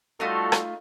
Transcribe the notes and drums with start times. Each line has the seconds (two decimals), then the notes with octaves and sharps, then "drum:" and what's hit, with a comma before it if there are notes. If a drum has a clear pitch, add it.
0.20 G3 A3 D#4 F4 F#4 A4
0.52 drum: rim click